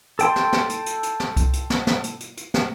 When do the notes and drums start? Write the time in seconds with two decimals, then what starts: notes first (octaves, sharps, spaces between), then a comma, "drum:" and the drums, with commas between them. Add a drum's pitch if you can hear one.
0.19 A4 G5 C6, drum: hi-hat
0.36 drum: snare
0.53 drum: snare
0.69 drum: hi-hat
0.86 drum: hi-hat
1.03 drum: hi-hat
1.20 drum: snare
1.37 drum: kick C2, hi-hat
1.53 drum: hi-hat
1.70 drum: snare
1.87 drum: snare
2.04 drum: hi-hat
2.20 drum: hi-hat
2.37 drum: hi-hat
2.54 drum: snare